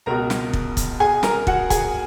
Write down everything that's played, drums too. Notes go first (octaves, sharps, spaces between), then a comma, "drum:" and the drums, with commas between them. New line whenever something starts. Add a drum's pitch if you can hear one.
C#2 B2 A#4 A#5
drum: snare
drum: kick
drum: kick, hi-hat
G#4 G#5
A#4 A#5, drum: snare
F#4 F#5, drum: kick
G#4 G#5, drum: kick, hi-hat